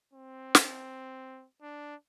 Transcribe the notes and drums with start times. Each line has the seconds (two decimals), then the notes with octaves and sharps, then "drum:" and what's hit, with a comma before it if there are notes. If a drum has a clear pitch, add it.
0.13 C4
0.55 drum: snare
1.62 D4